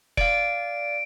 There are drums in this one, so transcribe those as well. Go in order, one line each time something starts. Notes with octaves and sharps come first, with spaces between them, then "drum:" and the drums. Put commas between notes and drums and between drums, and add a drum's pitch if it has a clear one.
D5 F5 D7, drum: kick F1